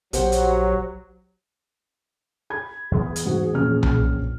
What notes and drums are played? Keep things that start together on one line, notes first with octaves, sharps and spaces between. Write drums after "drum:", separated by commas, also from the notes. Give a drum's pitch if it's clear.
A#1 F#3 G4 C5 F#5, drum: hi-hat
drum: hi-hat
B5 G#6
E2 B3 G#4
drum: hi-hat
G#2 F#4
A#1 C#4 F6
drum: tom B1